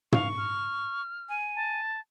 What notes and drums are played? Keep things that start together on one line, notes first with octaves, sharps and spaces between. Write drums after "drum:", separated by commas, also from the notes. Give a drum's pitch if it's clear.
F5 C#6, drum: tom
F6
G#5
A5